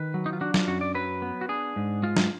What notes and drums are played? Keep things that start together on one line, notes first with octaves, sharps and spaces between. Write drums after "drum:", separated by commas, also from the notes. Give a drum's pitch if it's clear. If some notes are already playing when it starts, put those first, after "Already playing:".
Already playing: D#3 B4
F#3
D#4
F4
D4 F#4
F4, drum: snare F#3
F#2 F#4
D5
F#3 B4
B3
F#4
D4 G#4
G#2
G#3 F4
drum: snare F#3